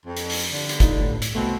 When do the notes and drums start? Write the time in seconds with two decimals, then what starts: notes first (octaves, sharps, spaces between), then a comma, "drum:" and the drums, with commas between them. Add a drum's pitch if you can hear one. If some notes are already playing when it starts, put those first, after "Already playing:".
0.06 F2
0.17 drum: hi-hat
0.30 drum: open hi-hat
0.51 G2 D3
0.69 drum: hi-hat
0.80 D#4 F4, drum: kick, hi-hat
1.01 A2
1.22 drum: hi-hat
1.35 C2 B2 A3 C4